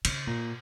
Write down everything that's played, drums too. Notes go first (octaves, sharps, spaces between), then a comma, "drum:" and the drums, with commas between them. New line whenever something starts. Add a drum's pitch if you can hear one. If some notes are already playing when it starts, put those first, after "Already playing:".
C#3, drum: cymbal
A#2